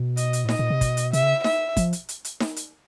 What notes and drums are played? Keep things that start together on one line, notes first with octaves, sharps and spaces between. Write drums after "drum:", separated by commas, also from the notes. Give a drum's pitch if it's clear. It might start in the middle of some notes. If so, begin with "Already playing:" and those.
Already playing: B2
D#5, drum: hi-hat
drum: hi-hat
A2
A#2 D#5, drum: snare D#4
A#2
C3
B2, drum: kick, hi-hat
drum: hi-hat
C3 E5, drum: hi-hat
C#3
E5, drum: snare D#4
F3, drum: kick, hi-hat
drum: hi-hat
drum: hi-hat
drum: hi-hat
drum: snare D#4
drum: hi-hat